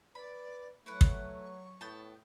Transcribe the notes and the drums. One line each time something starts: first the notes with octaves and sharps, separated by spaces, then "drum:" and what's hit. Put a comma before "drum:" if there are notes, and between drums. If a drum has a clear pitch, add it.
B4 D5 B5
F#3 A3 E4 B4 F#5 C#6
drum: kick
A2 B3 G5 A5